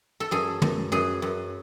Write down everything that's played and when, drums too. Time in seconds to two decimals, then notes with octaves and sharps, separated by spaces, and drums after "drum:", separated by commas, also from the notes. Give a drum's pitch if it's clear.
0.20 A4
0.31 F#2 G#4
0.62 F#2, drum: tom
0.92 F#2 G#4
1.22 F#2